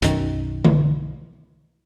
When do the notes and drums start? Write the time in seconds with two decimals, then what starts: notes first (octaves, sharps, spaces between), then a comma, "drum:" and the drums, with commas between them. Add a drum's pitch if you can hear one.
0.02 B1 F#2 D#3, drum: hi-hat
0.64 drum: tom D3